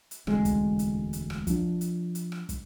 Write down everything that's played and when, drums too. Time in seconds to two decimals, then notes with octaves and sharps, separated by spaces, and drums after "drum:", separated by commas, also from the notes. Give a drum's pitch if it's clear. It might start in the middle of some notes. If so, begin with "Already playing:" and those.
0.11 drum: hi-hat
0.27 E1 D2 G#3 C4, drum: rim click
0.45 drum: kick, hi-hat
0.79 drum: hi-hat
1.13 drum: hi-hat
1.30 drum: rim click
1.47 F3 D4, drum: kick, hi-hat
1.81 drum: hi-hat
2.15 drum: hi-hat
2.32 drum: rim click
2.49 drum: kick, hi-hat